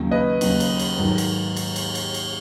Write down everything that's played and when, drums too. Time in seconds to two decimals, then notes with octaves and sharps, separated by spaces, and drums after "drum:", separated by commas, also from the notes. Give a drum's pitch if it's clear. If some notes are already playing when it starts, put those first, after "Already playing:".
Already playing: D#2 C#3 F#3
0.11 B4 D#5
0.41 D#2 C#3 F#3, drum: cymbal
0.60 drum: cymbal
0.79 drum: cymbal
0.98 G#2 D#3 F#3
1.18 drum: cymbal
1.57 drum: cymbal
1.76 drum: cymbal
1.95 drum: cymbal
2.14 drum: cymbal